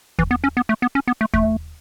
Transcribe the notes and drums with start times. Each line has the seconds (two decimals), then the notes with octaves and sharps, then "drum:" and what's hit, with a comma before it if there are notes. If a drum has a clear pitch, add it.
0.19 E3, drum: kick
0.31 B3
0.44 C#4
0.57 B3
0.69 A3
0.82 B3
0.95 C#4
1.08 B3
1.21 A3
1.34 A3, drum: kick